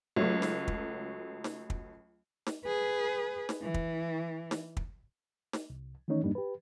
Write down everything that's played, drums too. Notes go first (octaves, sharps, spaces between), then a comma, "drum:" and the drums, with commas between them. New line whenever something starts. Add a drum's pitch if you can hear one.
C#2 F#3 A3
drum: snare
drum: kick
drum: snare
drum: kick
drum: snare
G#4 B4
drum: snare
E3
drum: kick
drum: snare
drum: kick
drum: snare
C2
D#3 E3 A3 C#4 D#4 C#5
F2 G#2 G3 A#3 D4 D#4
G4 B4